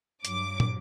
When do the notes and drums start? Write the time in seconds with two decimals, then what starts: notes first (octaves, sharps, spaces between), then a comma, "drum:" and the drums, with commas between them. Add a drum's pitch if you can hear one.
0.25 G2 F#3 D6, drum: hi-hat
0.60 drum: tom